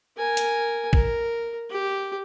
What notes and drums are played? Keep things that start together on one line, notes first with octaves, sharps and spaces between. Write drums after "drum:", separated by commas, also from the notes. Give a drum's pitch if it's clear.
A#4 G#5
drum: hi-hat
A#4, drum: kick
G4